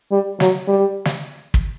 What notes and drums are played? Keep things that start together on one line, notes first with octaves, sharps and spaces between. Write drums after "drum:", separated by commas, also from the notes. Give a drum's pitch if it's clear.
G3
F#3, drum: snare
G3
drum: snare
drum: kick